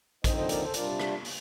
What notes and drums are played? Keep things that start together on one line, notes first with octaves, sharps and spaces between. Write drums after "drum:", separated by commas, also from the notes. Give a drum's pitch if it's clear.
D#2 D3 F3 C4 D#4 C5 D#5, drum: kick A1, hi-hat
C5 D#5
A#4 D5, drum: hi-hat
A4 C5
C3 G3 D4 F4 A#4 D5, drum: hi-hat
drum: rim click
drum: open hi-hat